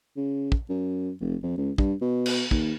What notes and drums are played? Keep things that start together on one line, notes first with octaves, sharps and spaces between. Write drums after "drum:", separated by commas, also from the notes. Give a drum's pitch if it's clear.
C#3
drum: kick
F#2
F1
F2
C#2
G2, drum: kick
B2
drum: cymbal
D#2, drum: kick